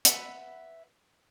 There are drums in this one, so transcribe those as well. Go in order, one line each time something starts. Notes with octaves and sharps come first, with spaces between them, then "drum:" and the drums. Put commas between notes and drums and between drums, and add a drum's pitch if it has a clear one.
B4 E5 F#5 E6, drum: hi-hat